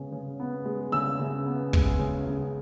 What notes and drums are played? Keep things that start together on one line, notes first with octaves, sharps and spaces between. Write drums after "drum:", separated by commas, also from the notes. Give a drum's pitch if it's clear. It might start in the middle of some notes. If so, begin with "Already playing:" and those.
Already playing: C#3 G#3 B3
C#3
B3
G#3
C#3 E6
C#3
B3
G#3, drum: kick
C#3
C#3